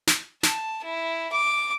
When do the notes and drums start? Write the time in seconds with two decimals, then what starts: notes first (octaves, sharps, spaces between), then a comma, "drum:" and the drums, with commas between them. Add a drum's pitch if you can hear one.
0.07 drum: snare
0.43 A5, drum: snare
0.84 E4
1.32 D6